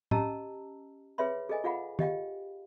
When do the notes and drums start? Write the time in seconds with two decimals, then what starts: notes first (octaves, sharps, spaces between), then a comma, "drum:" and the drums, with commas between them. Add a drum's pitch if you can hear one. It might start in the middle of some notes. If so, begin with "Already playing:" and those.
0.11 C#4 G4 D#5 A5 A#5 E6, drum: tom A2
1.18 G#4 B4 C#5 E5 B5 C6
1.49 G#4 A4 D#5 G#5
1.64 F4 G#4 F5 F#5 B5
1.99 G4 D#5 F5 G5, drum: tom